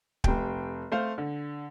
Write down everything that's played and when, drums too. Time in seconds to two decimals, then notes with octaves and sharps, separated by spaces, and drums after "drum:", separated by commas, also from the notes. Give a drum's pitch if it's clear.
0.24 F1 G3 G5, drum: kick
0.92 A3 C4 C5 F5
1.18 D3